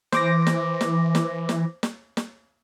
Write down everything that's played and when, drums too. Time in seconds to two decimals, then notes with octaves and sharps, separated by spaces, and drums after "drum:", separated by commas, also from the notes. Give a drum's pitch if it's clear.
0.12 E3 C5 D6 A#6, drum: snare
0.47 drum: snare
0.81 drum: snare
1.15 drum: snare
1.49 drum: snare
1.83 drum: snare
2.17 drum: snare